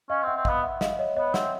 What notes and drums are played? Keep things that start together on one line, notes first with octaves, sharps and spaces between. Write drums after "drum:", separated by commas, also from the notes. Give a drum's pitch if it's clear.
C#4 D#5 F5
C4 E5 F#5
C4
D#5 F5, drum: kick
B3
E5 F#5
D#5 F5, drum: snare
C#5 D#5
B3 C#5 D#5
C4 E5 F#5, drum: snare